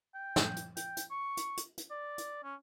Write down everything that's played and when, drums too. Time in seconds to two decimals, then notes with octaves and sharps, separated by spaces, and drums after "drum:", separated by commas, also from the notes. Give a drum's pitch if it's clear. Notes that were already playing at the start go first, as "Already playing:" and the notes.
0.14 G5
0.36 drum: snare
0.56 drum: hi-hat
0.77 G5, drum: hi-hat
0.97 drum: hi-hat
1.11 C#6
1.37 drum: hi-hat
1.57 drum: hi-hat
1.77 drum: hi-hat
1.90 D5
2.18 drum: hi-hat
2.44 C#4